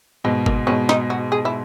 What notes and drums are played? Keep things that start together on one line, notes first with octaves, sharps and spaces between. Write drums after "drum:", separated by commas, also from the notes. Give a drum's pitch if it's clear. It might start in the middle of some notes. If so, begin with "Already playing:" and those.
G#2 B2 G#3
A#3, drum: kick G1
G#2 B2 C#4
D#4, drum: snare
F#4
G#4
E4